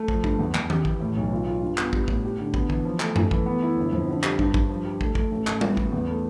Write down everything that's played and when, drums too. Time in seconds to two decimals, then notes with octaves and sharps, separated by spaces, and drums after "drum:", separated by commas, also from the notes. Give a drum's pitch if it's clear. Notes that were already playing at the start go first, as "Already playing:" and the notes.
Already playing: A3
0.08 F3, drum: kick
0.24 G2, drum: kick
0.39 E2
0.54 E2, drum: clap
0.70 G4, drum: tom D#3
0.85 E3, drum: kick
1.00 A2
1.16 B1
1.31 F4
1.46 F4
1.62 G2
1.78 B3, drum: clap
1.93 G3, drum: kick
2.08 A2, drum: kick
2.24 G4
2.39 D3
2.54 B3, drum: kick
2.70 E3, drum: kick
2.85 F3
3.00 A3, drum: clap
3.16 A3, drum: tom F#2
3.31 E3, drum: kick
3.46 B3
3.63 E4
3.77 G1
3.93 F2
4.09 D3
4.23 G3, drum: clap
4.39 G2, drum: kick
4.54 G2, drum: kick
4.69 F3
4.85 G4
5.01 A3, drum: kick
5.15 A3, drum: kick
5.31 A1
5.47 A1, drum: clap
5.61 B3, drum: tom G3
5.77 B3, drum: kick
5.92 E2
6.08 A3